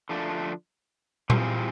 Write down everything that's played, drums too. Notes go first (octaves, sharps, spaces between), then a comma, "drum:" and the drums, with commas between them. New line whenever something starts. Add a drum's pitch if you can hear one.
D3 F3 A3 D4
E3 G3 C4 F4 G#4, drum: tom A#2